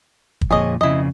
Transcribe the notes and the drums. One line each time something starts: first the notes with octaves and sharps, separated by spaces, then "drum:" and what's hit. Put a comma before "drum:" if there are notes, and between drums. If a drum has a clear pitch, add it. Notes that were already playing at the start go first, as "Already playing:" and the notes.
drum: kick
F2 A#2 G#4 C#5 D#5
F2 C#3 E4 D#5